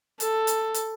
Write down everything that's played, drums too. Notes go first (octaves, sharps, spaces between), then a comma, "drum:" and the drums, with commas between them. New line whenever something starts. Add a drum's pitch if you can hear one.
A4, drum: hi-hat
drum: hi-hat
drum: hi-hat